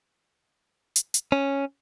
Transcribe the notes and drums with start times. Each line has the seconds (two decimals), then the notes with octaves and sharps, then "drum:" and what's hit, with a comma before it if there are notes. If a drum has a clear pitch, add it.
0.96 drum: hi-hat
1.14 drum: hi-hat
1.32 C#4